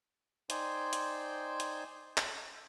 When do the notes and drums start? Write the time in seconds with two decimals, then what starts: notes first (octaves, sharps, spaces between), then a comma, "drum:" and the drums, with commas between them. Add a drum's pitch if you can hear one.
0.50 D#4 C5 D5 G5 G#5 C6, drum: hi-hat
0.93 drum: hi-hat
1.60 drum: hi-hat
2.17 drum: clap